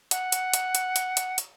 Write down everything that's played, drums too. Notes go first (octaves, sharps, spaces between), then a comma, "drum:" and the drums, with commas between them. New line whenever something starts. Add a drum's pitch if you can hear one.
F#5, drum: hi-hat
drum: hi-hat
drum: hi-hat
drum: hi-hat
drum: hi-hat
drum: hi-hat
drum: hi-hat